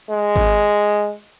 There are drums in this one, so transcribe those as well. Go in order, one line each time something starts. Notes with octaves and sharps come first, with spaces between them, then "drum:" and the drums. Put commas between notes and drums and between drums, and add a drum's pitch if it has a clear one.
G#3
drum: kick G#1